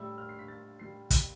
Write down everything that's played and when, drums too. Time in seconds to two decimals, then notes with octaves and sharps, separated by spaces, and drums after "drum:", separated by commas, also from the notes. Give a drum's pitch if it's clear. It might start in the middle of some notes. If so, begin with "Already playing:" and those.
Already playing: A2 G3 E6
0.18 F6
0.29 C7
0.39 B6
0.48 A6
0.79 A2 G3 C7
1.10 drum: kick, hi-hat